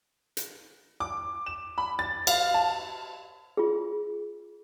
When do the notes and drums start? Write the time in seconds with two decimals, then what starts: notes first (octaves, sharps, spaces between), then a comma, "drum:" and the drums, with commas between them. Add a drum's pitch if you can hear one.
0.37 drum: hi-hat
1.00 D6
1.46 E7
1.78 B5
1.99 A6
2.27 F5, drum: cymbal
2.54 A5
3.57 F4 G#4